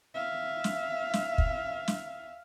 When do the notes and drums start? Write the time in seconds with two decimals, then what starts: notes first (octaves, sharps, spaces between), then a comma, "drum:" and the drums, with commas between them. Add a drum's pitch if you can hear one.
0.15 E5 F5
0.64 drum: snare
1.13 drum: snare
1.38 drum: kick
1.88 drum: snare